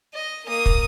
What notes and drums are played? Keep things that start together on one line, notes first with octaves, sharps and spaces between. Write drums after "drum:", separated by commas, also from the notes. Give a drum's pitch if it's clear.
D#5
A#3 D#6
drum: kick